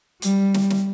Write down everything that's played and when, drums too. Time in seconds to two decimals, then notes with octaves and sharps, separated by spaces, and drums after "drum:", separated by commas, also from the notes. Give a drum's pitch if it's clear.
0.22 G3, drum: hi-hat
0.54 drum: snare
0.70 drum: snare